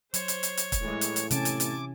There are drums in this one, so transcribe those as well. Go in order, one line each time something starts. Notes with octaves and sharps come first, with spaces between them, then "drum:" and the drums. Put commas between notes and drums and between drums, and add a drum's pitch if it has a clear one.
F#3 C5 C#5, drum: hi-hat
drum: hi-hat
drum: hi-hat
drum: hi-hat
drum: kick, hi-hat
A2 E3 G#3
drum: hi-hat
drum: hi-hat
C3 E3 C#4 E4 G#5 A5 D6, drum: hi-hat
drum: hi-hat
drum: hi-hat